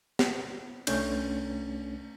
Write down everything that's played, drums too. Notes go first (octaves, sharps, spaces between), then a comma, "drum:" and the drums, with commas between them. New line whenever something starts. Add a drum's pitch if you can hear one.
drum: snare
C2 A3 C#4 D4 G6, drum: cymbal